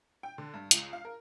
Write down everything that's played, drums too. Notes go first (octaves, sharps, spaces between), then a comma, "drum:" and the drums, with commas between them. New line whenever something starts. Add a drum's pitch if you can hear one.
G5
D3
G2
C#2, drum: hi-hat
F5
A#4